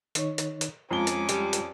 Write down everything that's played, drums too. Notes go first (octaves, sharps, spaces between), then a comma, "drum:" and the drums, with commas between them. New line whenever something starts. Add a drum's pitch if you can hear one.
D#3 D#4 C#5, drum: hi-hat
drum: hi-hat
drum: hi-hat
F2 G#3 C#4 F4 A#5 D6 G7
drum: hi-hat
G3, drum: hi-hat
drum: hi-hat